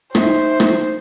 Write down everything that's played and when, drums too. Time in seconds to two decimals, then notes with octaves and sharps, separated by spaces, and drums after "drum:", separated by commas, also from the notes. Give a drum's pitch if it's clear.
0.15 D#4 C5 E5, drum: rim click
0.60 drum: rim click